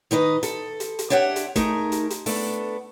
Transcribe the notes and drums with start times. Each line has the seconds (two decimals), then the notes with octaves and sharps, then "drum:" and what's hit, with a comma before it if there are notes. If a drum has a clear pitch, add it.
0.11 D#3 D#4 B4 D#5
0.43 A4, drum: hi-hat
0.80 drum: hi-hat
0.99 drum: hi-hat
1.10 D4 G4 C#5 E5 F#5
1.36 drum: hi-hat
1.56 A3 D#4 G#4 A#4, drum: kick, hi-hat
1.92 drum: hi-hat
2.10 drum: hi-hat
2.26 A3 B3 D4, drum: open hi-hat